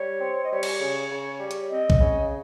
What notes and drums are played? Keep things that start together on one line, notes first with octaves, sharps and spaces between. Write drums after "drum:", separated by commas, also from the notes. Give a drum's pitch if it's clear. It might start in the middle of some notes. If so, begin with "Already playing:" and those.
Already playing: G3 C#5
C4
D#5
G3 C#5
drum: cymbal
C#3
C#3
G3
drum: hi-hat
C4 D#5
drum: kick A#1
C#3